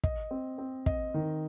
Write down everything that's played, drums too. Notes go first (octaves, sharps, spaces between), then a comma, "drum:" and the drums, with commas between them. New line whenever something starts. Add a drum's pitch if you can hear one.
D#5, drum: kick
C4
C4
D#5, drum: kick
D#3